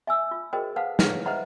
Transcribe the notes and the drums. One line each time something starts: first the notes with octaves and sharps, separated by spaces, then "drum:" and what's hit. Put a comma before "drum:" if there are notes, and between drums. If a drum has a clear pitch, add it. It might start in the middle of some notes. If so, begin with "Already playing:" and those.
E5 G#5 E6
F4
F#4 G#4 A#4 C5 D#5 G5
A4 B4 C5 F5 F#5 A5
E4 B4 C#5, drum: snare
B4 C5 D#5 E5 F#5 A#5